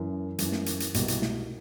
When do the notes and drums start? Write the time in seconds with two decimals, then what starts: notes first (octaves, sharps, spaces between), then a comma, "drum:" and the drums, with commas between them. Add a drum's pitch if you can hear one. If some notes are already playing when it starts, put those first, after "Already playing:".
Already playing: F#2 E3
0.39 F#2 E3, drum: hi-hat
0.52 drum: snare
0.66 drum: hi-hat
0.80 drum: hi-hat
0.94 C2 B2, drum: hi-hat
1.08 drum: hi-hat
1.22 drum: snare